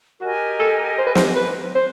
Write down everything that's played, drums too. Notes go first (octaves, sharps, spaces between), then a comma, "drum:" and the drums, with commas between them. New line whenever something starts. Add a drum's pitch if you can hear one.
F#4 G4 A#4 D#5 G#5
A4
C5
B4
C5, drum: snare
B4
C5